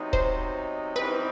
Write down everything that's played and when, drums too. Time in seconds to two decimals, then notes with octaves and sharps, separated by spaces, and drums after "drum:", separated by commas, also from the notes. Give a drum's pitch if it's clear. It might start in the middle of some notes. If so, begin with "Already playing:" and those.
Already playing: C3 F#3 B3 D#4
0.13 C5, drum: kick D#1
0.95 F#2 E3 G3 C4 D#4 B4